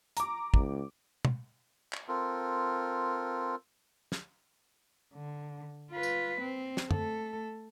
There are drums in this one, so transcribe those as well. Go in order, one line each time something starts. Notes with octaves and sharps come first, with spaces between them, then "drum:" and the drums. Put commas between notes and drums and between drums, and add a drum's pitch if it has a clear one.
A#5 D6, drum: hi-hat
C#2, drum: kick
drum: tom
drum: clap
C4 F4 A4 A#4
drum: snare
D3
F4 B4
drum: tambourine
C4
drum: snare
A3 A4, drum: tom F#2